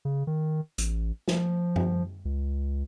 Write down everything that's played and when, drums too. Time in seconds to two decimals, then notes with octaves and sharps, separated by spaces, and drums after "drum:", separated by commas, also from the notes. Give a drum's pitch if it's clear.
0.05 C#3
0.27 D#3
0.78 A1, drum: hi-hat
1.28 F3, drum: snare
1.76 drum: tom F#2
2.25 C#2